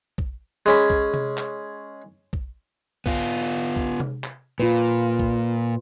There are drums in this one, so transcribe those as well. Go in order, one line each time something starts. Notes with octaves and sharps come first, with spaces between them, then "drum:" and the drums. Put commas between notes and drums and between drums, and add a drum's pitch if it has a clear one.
drum: kick
G#3 C#4 B5
drum: kick
drum: tom C3
drum: clap
drum: kick
B3 F4, drum: kick
drum: kick
drum: tom C3
drum: clap
A#2 F4 B4
drum: kick